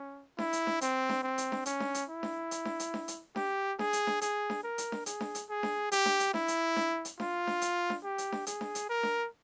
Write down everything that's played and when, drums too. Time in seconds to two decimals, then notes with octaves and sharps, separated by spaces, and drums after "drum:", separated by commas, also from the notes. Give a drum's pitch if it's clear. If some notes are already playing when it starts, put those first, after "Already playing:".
Already playing: C#4
0.38 E4, drum: snare D4
0.53 drum: hi-hat
0.67 drum: snare D4
0.81 C4, drum: hi-hat
1.09 drum: snare D4
1.23 C4
1.38 drum: hi-hat
1.52 drum: snare D4
1.66 C#4, drum: hi-hat
1.80 drum: snare D4
1.94 drum: hi-hat
2.09 E4
2.23 drum: snare D4
2.51 drum: hi-hat
2.65 drum: snare D4
2.80 drum: hi-hat
2.94 drum: snare D4
3.08 drum: hi-hat
3.36 G4, drum: snare D4
3.79 G#4, drum: snare D4
3.93 drum: hi-hat
4.07 drum: snare D4
4.22 G#4, drum: hi-hat
4.50 drum: snare D4
4.63 A#4
4.78 drum: hi-hat
4.92 drum: snare D4
5.06 G#4, drum: hi-hat
5.21 drum: snare D4
5.35 drum: hi-hat
5.49 G#4
5.63 drum: snare D4
5.92 G4, drum: hi-hat
6.06 drum: snare D4
6.20 drum: hi-hat
6.34 E4, drum: snare D4
6.48 drum: hi-hat
6.76 drum: snare D4
7.05 drum: hi-hat
7.20 F4, drum: snare D4
7.47 drum: snare D4
7.62 drum: hi-hat
7.90 drum: snare D4
8.04 G4
8.18 drum: hi-hat
8.32 drum: snare D4
8.47 G#4, drum: hi-hat
8.61 drum: snare D4
8.75 drum: hi-hat
8.89 A#4
9.03 drum: snare D4